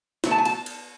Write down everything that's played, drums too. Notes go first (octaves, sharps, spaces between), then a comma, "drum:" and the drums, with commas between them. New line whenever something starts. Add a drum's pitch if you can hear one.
B2 F#3 A3, drum: snare
A5
G#5
A5, drum: cymbal
drum: cymbal